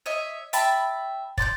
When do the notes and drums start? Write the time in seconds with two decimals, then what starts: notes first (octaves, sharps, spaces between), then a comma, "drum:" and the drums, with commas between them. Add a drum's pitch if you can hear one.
0.06 C#5 D#5 E5
0.53 E5 G5 A5 B5, drum: hi-hat
1.38 D5 C6 F#6 G6, drum: kick